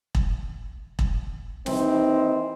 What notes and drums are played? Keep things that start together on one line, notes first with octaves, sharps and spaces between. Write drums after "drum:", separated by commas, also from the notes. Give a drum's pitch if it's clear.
drum: kick E1
drum: kick E1
D#2 E3 C4 D#4, drum: snare